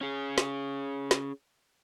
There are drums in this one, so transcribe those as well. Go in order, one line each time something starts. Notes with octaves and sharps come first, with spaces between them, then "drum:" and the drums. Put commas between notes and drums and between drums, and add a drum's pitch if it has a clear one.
C#4 G#4
drum: snare
drum: snare